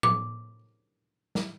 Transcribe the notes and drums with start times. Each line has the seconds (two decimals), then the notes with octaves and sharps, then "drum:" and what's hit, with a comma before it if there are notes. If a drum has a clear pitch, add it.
0.03 D6, drum: tom
1.35 drum: snare